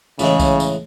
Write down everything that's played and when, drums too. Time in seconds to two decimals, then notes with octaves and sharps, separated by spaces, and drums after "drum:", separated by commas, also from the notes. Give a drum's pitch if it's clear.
0.19 A2 C#3 E3 G#3, drum: tambourine
0.40 drum: kick C2, tambourine
0.60 drum: tambourine